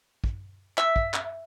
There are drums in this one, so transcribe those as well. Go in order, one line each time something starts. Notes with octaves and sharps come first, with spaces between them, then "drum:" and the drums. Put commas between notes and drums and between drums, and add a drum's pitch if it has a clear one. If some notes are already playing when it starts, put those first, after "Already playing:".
drum: kick
E5, drum: clap
drum: kick
drum: clap